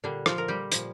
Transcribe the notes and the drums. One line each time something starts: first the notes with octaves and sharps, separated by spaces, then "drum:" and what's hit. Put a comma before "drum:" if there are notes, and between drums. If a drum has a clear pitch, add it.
A#2 D3 G3 D4
F3 F4, drum: rim click
A#4
G3 G4
A#2 F3, drum: hi-hat